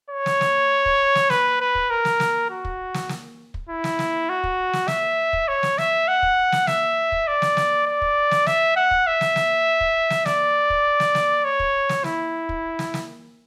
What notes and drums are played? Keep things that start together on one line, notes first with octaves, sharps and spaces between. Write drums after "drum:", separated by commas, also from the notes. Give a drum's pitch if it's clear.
C#5
drum: snare
drum: snare
drum: kick
drum: snare
B4, drum: snare
B4
drum: kick
A#4
drum: snare
drum: snare
F#4
drum: kick
drum: snare
drum: snare
drum: kick
E4
drum: snare
drum: snare
F#4
drum: kick
drum: snare
E5, drum: snare
drum: kick
C#5
drum: snare
E5, drum: snare
F#5
drum: kick
drum: snare
E5, drum: snare
drum: kick
D5
drum: snare
drum: snare
D5
drum: kick
drum: snare
E5, drum: snare
F#5
drum: kick
E5
drum: snare
drum: snare
drum: kick
drum: snare
D5, drum: snare
drum: kick
drum: snare
drum: snare
C#5
drum: kick
drum: snare
E4, drum: snare
drum: kick
drum: snare
drum: snare